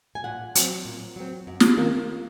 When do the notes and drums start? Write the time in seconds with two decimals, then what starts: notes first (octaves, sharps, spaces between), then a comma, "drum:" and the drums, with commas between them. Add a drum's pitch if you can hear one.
0.15 G#5
0.24 A#2 F#5
0.55 F#3 C4, drum: hi-hat
0.85 A#2
1.16 F#3 C4
1.47 F#2
1.60 drum: snare
1.78 D#3 A#3